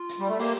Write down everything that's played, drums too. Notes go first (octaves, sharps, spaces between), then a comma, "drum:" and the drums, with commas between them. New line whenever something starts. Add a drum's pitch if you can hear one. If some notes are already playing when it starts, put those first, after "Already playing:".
Already playing: F4
drum: hi-hat
G3
A3
A#3 G4, drum: open hi-hat